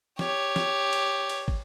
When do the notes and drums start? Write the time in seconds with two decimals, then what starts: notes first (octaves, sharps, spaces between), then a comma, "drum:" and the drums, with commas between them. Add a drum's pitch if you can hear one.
0.19 G4 C#5, drum: snare
0.56 drum: snare
0.93 drum: cymbal
1.29 drum: cymbal
1.48 drum: kick